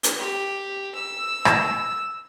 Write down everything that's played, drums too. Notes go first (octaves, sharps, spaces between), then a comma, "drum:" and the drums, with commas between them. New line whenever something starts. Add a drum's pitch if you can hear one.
drum: hi-hat
G4
E6
drum: rim click